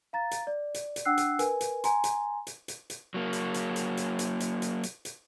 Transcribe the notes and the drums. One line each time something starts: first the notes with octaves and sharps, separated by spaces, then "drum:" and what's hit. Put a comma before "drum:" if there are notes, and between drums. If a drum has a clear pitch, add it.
F5 A#5 A6
drum: hi-hat
D5
drum: hi-hat
drum: hi-hat
D4 F#5 G5 E6 F#6 C7
drum: hi-hat
A#4 B4 G#5, drum: hi-hat
drum: hi-hat
G#5 A#5 C6, drum: hi-hat
drum: hi-hat
drum: hi-hat
drum: hi-hat
drum: hi-hat
F#3 A#3
drum: hi-hat
drum: hi-hat
drum: hi-hat
drum: hi-hat
drum: hi-hat
drum: hi-hat
drum: hi-hat
drum: hi-hat
drum: hi-hat